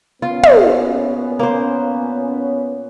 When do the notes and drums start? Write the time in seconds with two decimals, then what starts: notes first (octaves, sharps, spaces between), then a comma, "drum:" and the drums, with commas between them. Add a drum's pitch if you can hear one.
0.22 A#2 B3 C#4 F4
0.43 drum: tom
1.39 A#3 C5